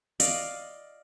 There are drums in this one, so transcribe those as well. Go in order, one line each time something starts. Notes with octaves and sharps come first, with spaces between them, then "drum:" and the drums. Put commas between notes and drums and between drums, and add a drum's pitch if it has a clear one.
D5 D#5 F5, drum: hi-hat